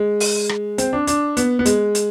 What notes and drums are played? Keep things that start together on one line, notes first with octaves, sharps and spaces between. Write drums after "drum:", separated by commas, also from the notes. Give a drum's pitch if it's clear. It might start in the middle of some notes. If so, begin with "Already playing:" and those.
Already playing: G#3
drum: open hi-hat
drum: rim click
C4, drum: hi-hat
D4
D4, drum: hi-hat
B3, drum: hi-hat
B3
G#3, drum: hi-hat
drum: hi-hat